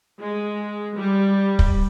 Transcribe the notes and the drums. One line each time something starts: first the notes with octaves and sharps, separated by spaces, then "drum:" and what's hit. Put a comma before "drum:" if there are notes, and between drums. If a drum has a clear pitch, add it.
G#3
G3
drum: kick